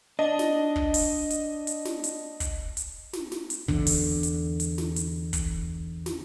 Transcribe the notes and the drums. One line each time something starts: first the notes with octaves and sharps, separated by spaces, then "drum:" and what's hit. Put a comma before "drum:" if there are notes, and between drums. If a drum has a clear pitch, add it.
D4 D#5
drum: snare
drum: kick
drum: open hi-hat
drum: hi-hat
drum: hi-hat
drum: snare
drum: hi-hat
drum: kick, hi-hat
drum: hi-hat
drum: snare
drum: snare
drum: hi-hat
E2 D3, drum: kick
drum: open hi-hat
drum: hi-hat
drum: hi-hat
drum: snare
drum: hi-hat
drum: kick, hi-hat
drum: snare